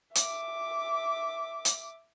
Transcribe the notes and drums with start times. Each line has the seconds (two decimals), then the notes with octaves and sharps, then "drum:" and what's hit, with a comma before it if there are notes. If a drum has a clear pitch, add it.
0.15 E5 D6, drum: hi-hat
1.65 drum: hi-hat